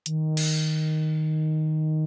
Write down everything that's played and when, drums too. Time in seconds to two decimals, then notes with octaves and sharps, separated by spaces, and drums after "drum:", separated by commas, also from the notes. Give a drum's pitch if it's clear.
0.06 D#3, drum: hi-hat
0.37 drum: cymbal